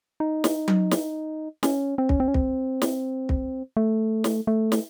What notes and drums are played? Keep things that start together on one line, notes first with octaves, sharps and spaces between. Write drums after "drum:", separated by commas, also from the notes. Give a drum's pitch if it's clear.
D#4
drum: snare
drum: tom F#3
drum: snare
C#4, drum: snare
C4
C#4, drum: kick
C4
C#4
C4, drum: kick
drum: snare
drum: kick
A3
drum: snare
A3
drum: snare